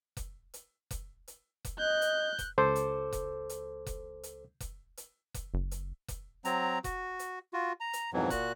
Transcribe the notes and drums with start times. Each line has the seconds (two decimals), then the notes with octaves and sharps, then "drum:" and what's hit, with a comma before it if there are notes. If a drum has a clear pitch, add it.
0.17 drum: kick F1, hi-hat
0.54 drum: hi-hat
0.91 drum: kick F1, hi-hat
1.28 drum: hi-hat
1.65 drum: kick F1, hi-hat
1.79 D#5 F#6 G6
2.02 drum: hi-hat
2.39 drum: kick F1, hi-hat
2.58 C#2 A4 C5 D6
2.76 drum: hi-hat
3.12 drum: kick F1, hi-hat
3.49 drum: hi-hat
3.86 drum: kick F1, hi-hat
4.23 drum: hi-hat
4.60 drum: kick F1, hi-hat
4.97 drum: hi-hat
5.34 drum: kick F1, hi-hat
5.54 F#1
5.71 drum: hi-hat
6.08 drum: kick F1, hi-hat
6.45 F#3 C4 A#5, drum: hi-hat
6.84 F#4, drum: kick F1, hi-hat
7.19 drum: hi-hat
7.53 F4 F#4
7.80 A#5
7.93 drum: hi-hat
8.13 F2 G#2 B2 E3 F#3
8.30 A#2 F#4 F#6, drum: kick F1, hi-hat